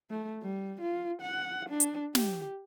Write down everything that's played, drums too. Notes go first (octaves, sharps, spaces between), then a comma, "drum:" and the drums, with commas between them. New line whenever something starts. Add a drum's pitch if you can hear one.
A3
G3
F4
F#5
D4
drum: hi-hat
G4, drum: snare